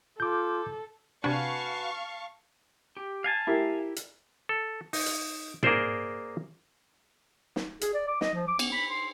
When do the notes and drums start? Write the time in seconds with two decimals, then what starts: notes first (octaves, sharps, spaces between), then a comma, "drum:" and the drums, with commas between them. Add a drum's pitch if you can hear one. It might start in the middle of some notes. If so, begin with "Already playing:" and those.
0.20 F4 A4 D6 G6
1.24 C3 D4 F#4 B4 F5 G#5 A5 C#6
2.97 G4
3.24 F5 G#5 A5
3.47 E4 G4 A#4
3.96 drum: hi-hat
4.49 A4
4.93 D#4, drum: open hi-hat
5.06 drum: hi-hat
5.63 A#3 G#4 A#4 C5 D5, drum: tom
7.56 drum: snare
7.81 G#4, drum: hi-hat
7.94 D5
8.08 D6
8.21 D#5, drum: snare
8.34 F3
8.48 D6
8.59 B3, drum: cymbal
8.72 B5
8.90 C6